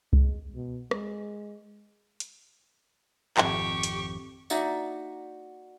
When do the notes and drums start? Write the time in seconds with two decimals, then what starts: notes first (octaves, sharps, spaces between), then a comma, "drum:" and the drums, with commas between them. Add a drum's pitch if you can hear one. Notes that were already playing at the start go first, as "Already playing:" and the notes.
0.13 G#3, drum: kick C2
0.55 B2
0.91 G#3, drum: rim click
2.20 drum: hi-hat
3.37 G#1 F2 G4 C#6, drum: clap
3.83 drum: hi-hat
4.50 A#3 D#4 F#4 D5 E5, drum: tambourine